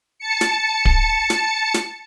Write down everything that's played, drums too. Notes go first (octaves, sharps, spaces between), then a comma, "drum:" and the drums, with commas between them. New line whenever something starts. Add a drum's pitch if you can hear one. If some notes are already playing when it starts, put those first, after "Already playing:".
A5 C#7
drum: snare
drum: kick D1
drum: snare
drum: snare